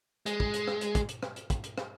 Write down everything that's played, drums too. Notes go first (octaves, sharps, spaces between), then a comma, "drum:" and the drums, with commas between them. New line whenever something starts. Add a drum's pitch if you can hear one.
G#3, drum: hi-hat
drum: kick
drum: hi-hat
drum: rim click
drum: hi-hat
drum: kick, hi-hat
drum: hi-hat
drum: rim click
drum: hi-hat
drum: kick, hi-hat
drum: hi-hat
drum: rim click